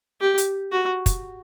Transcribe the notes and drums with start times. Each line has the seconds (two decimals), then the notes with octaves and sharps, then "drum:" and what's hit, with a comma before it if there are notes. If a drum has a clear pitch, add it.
0.21 G4
0.38 drum: hi-hat
0.72 F#4
1.06 drum: kick, hi-hat